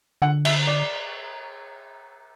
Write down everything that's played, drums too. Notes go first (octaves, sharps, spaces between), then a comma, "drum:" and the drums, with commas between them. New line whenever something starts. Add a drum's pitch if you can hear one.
D3 F#5
E5, drum: cymbal
D5